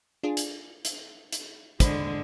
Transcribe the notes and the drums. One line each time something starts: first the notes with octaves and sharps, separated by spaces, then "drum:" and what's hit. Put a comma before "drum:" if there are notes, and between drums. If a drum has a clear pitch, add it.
D4 F4 G#4
drum: hi-hat
drum: hi-hat
drum: hi-hat
D3 G#3 C5 B5, drum: kick, hi-hat